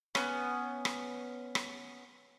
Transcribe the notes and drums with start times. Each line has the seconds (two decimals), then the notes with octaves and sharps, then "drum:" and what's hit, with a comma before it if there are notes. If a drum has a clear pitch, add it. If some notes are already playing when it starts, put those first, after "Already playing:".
0.15 B3 C#4, drum: rim click
0.85 drum: rim click
1.55 drum: rim click